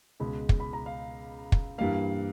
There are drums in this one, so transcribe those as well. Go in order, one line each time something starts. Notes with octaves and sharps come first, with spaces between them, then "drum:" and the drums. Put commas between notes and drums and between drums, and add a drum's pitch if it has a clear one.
C#2 B2 G#3 B5
drum: kick
B5
A#5
F5
drum: kick
G2 E3 G3 A#3 F5